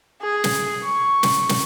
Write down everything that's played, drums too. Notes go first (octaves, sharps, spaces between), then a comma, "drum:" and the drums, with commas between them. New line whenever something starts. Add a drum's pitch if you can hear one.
G#4
drum: snare
C#6
drum: snare
drum: snare